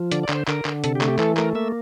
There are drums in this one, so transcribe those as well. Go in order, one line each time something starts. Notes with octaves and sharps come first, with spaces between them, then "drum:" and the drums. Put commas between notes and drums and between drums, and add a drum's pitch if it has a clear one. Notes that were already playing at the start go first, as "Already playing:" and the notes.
Already playing: F3
D3 D5, drum: hi-hat
D5
D3, drum: clap
C5
D3 A#4, drum: clap
D3, drum: clap
C3 A4, drum: hi-hat
G4
A3, drum: clap
G4
E3 A4, drum: clap
A3 A#4, drum: clap
A#3 E5